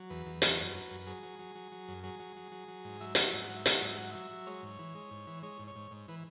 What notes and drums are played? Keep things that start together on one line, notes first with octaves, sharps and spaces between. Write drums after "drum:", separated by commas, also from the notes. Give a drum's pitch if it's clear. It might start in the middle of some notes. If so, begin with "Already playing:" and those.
Already playing: F#3
E2 B4
E2
F#3, drum: hi-hat
F#2
F#3
F#2
F#3 G#4
F#3
F#3
F#3
F#3
F#2
F#3 G#4
F#3
F#3
F#3
F#3
G#2
F#3 E5
F#3 F#5, drum: hi-hat
G#2 E5
F#5
F#3
E5
F#3 F#5, drum: hi-hat
G#2 E5
F#3 F#5
F#3 E5
F#3
G#3 C#5
G#2
E3
G#3
G#2
E3
G#3 C#5
G#2
C#5
G#2
G#2
E3 B4